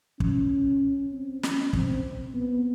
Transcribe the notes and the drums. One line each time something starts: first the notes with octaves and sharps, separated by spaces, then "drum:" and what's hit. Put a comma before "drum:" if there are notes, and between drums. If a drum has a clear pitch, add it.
C#4, drum: kick
C4
C#4, drum: snare
C4, drum: kick
B3